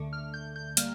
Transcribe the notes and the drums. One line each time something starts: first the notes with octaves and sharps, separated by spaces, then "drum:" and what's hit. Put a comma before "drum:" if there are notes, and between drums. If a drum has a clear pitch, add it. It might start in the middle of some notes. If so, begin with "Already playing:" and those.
Already playing: D2 D3 A3
F6
G6
G6
G3 A#3 F6, drum: hi-hat